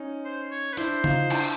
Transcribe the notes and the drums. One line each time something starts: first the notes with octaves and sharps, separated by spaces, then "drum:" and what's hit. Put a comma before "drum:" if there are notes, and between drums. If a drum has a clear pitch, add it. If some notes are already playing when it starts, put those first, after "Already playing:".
Already playing: C#4 D#4
C5
C#5
B4
D4 E4 C5, drum: hi-hat
D#4 F4, drum: tom C#3
D4 E4, drum: cymbal